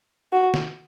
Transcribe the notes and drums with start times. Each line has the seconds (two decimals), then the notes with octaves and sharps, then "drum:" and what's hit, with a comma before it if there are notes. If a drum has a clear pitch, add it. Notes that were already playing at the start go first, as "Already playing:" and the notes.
0.33 F#4
0.54 drum: snare